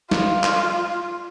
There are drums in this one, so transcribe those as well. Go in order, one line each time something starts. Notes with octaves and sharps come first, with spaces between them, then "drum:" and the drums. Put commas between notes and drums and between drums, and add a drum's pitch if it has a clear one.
F4, drum: snare
drum: clap